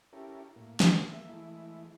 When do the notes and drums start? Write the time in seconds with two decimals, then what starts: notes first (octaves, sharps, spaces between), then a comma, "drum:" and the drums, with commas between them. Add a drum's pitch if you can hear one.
0.13 C#4 E4 G4 A4 A#4
0.56 A2 A#3
0.80 G3 G#4 D5, drum: snare
1.08 A#3 E5
1.29 E3 G#3 A3 E4